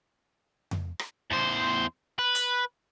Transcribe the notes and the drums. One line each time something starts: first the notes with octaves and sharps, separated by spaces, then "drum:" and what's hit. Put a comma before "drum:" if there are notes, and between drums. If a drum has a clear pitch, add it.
drum: tom F2
drum: rim click
E2 C5
B4
drum: hi-hat